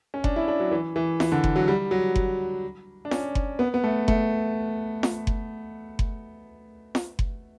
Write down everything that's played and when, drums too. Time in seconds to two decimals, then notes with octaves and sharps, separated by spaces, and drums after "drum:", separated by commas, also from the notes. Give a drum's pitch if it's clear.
0.14 C#4
0.24 D4, drum: kick F#1
0.36 E4
0.48 D4
0.60 F#3
0.71 E3
0.96 E3
1.20 E3, drum: snare F4
1.32 D3
1.44 drum: kick F#1
1.56 F#3
1.68 G3
1.91 F#3
2.16 drum: kick F#1
3.05 D4
3.11 C#4, drum: snare F4
3.35 drum: kick F#1
3.59 B3
3.74 B3
3.84 A3
4.08 A3, drum: kick F#1
5.03 drum: snare F4
5.27 drum: kick F#1
5.99 drum: kick F#1
6.95 drum: snare F4
7.19 drum: kick F#1